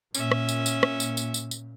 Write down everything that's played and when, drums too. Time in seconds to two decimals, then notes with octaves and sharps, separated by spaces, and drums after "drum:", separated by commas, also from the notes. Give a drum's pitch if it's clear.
0.14 A#2 C#4 E5, drum: tambourine
0.32 drum: rim click
0.49 drum: tambourine
0.66 drum: tambourine
0.83 drum: rim click
1.00 drum: tambourine
1.17 drum: tambourine
1.34 drum: tambourine
1.51 drum: tambourine